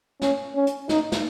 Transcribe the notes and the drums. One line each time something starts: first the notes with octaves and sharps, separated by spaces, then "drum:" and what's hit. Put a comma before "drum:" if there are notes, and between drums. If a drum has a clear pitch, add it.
C#4, drum: snare
C#4
drum: hi-hat
D#4, drum: snare
drum: snare